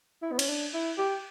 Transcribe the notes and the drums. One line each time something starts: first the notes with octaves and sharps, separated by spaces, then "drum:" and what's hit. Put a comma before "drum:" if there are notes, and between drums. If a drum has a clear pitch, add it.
E4
B3
C#4, drum: cymbal
D4
E4
G4